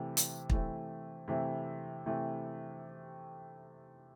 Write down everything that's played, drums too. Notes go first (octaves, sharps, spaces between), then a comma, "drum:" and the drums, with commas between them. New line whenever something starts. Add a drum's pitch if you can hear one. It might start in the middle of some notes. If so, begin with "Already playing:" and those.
Already playing: C3 E3 A3 C4 E4
drum: hi-hat
C3 E3 A3 C4 E4, drum: kick
C3 E3 A3 C4 E4
C3 E3 A3 C4 E4